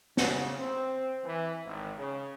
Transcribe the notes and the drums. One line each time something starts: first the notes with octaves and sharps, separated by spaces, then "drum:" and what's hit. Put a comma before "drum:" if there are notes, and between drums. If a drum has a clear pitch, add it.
C#3, drum: snare
C4
E3
G#1
C#3